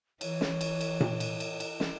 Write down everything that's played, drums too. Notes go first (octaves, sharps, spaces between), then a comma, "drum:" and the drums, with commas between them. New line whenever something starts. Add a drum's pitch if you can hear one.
E3 C#5, drum: cymbal
drum: snare
drum: cymbal
drum: cymbal
drum: tom A#2
drum: cymbal
drum: cymbal
drum: cymbal
drum: snare